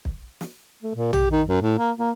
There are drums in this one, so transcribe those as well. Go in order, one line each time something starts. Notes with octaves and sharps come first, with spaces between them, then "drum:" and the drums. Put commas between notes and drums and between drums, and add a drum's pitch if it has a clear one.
drum: kick
drum: snare
A3
A#2
G4, drum: tom
D#3
F#2
A2
A#3
A#3